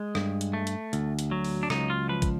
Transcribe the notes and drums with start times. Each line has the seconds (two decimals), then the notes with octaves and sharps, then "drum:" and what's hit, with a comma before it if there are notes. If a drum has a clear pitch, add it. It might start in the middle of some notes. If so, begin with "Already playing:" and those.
Already playing: G#3
0.15 G2, drum: rim click
0.41 drum: hi-hat
0.53 A3
0.67 drum: hi-hat
0.93 D2, drum: hi-hat
1.19 drum: hi-hat
1.31 F#3
1.44 drum: open hi-hat
1.63 D4
1.70 C#2 D#4, drum: rim click
1.90 F4
2.09 F3 B4
2.22 drum: kick, hi-hat